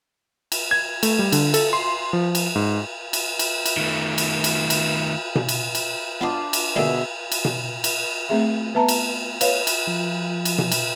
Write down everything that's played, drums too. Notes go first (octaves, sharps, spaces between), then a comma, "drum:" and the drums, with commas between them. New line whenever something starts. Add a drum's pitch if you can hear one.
drum: cymbal
G#6
A3, drum: cymbal
G3
D3, drum: cymbal
A4, drum: cymbal
C6
F3
drum: cymbal
G#2
drum: cymbal
drum: cymbal
drum: cymbal
D#3 A3
drum: cymbal
drum: cymbal
drum: cymbal
drum: tom B2
drum: cymbal
drum: cymbal
B3 D4 F4 C5 D#5
drum: cymbal
B2 D3 A#3 D4 G#4 E5
drum: cymbal
drum: tom B2
drum: cymbal
A3 C4 G#4 E5
B3 B4 E5 A5 A#5
drum: cymbal
B4 C#5 F5, drum: cymbal
drum: cymbal
F3
drum: cymbal
drum: tom B2
drum: cymbal